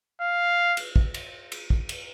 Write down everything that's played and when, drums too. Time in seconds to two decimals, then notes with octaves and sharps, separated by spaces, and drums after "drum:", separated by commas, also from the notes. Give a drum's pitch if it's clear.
0.21 F5
0.77 drum: cymbal
0.96 drum: kick
1.14 drum: cymbal
1.52 drum: cymbal
1.70 drum: kick
1.89 drum: cymbal